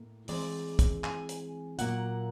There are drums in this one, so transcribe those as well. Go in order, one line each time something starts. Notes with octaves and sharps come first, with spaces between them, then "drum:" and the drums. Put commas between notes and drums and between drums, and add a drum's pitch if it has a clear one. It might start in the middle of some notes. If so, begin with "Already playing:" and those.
Already playing: A2 A#3
E3 G#3 C4 D5, drum: open hi-hat
drum: kick, hi-hat
G#5, drum: clap
drum: hi-hat
A#2 F#3 A#3 F#5, drum: hi-hat